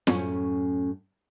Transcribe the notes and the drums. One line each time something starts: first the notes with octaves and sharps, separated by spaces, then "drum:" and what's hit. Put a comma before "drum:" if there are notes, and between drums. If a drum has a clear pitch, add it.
F#2 A2 C#4, drum: snare